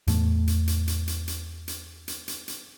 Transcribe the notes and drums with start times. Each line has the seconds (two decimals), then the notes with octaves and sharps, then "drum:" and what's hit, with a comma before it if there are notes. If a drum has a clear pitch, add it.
0.07 E2 A2 A3, drum: hi-hat
0.47 drum: hi-hat
0.67 drum: hi-hat
0.88 drum: hi-hat
1.08 drum: hi-hat
1.28 drum: hi-hat
1.68 drum: hi-hat
2.08 drum: hi-hat
2.28 drum: hi-hat
2.48 drum: hi-hat